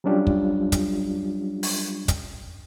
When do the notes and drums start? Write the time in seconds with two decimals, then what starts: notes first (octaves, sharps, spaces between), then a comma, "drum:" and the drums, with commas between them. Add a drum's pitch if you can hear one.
0.04 F#3 G3 C#4 D4 F4 G4
0.27 drum: kick
0.72 drum: kick, hi-hat
1.63 drum: open hi-hat
2.08 drum: kick, hi-hat